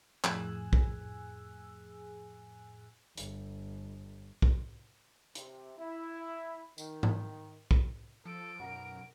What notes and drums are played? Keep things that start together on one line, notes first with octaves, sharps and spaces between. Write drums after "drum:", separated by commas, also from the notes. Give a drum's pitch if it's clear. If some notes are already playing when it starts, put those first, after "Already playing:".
F2 A2 G#4 G#5 E6 F#6, drum: clap
drum: kick
G1, drum: hi-hat
drum: kick
C3, drum: hi-hat
E4
D#3, drum: tambourine
drum: tom G#2
drum: kick
F3 A4 D7
B1 F#2 F#4 A#4